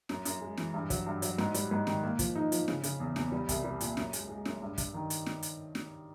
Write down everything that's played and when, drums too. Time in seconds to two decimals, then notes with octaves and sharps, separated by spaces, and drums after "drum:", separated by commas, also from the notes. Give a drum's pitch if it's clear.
0.09 F#2, drum: snare
0.25 F#2, drum: hi-hat
0.41 G#3
0.57 E3, drum: snare
0.74 G2
0.90 F#3, drum: kick, hi-hat
1.07 G2
1.22 F#3, drum: hi-hat
1.38 G#2, drum: snare
1.54 G3, drum: hi-hat
1.71 G#2
1.87 D#3, drum: snare
2.03 A#3
2.19 F3, drum: kick, hi-hat
2.35 D#4
2.52 F3, drum: hi-hat
2.68 C#3, drum: snare
2.84 C#3, drum: hi-hat
3.00 E2
3.16 E2, drum: snare
3.32 G3
3.49 C2, drum: kick, hi-hat
3.64 G3
3.81 A#2, drum: hi-hat
3.97 F#2, drum: snare
4.13 G#3, drum: hi-hat
4.29 G#3
4.45 F#2, drum: snare
4.62 G2
4.78 G2, drum: kick, hi-hat
4.94 D#3
5.10 drum: hi-hat
5.26 drum: snare
5.43 drum: hi-hat
5.75 drum: snare